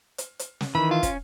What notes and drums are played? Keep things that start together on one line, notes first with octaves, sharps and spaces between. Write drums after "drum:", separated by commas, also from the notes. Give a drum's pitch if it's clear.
drum: hi-hat
drum: hi-hat
drum: snare
D#3 E3 B5
F4
C#4, drum: kick, hi-hat